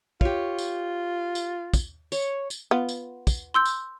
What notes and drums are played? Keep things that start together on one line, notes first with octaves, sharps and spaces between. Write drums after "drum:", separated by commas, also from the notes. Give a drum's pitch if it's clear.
F4 G4 C#5, drum: kick
drum: tambourine
drum: tambourine
drum: kick, tambourine
C#5, drum: tambourine
drum: tambourine
B3 F4
drum: tambourine
drum: kick, tambourine
C6 E6 G6
drum: tambourine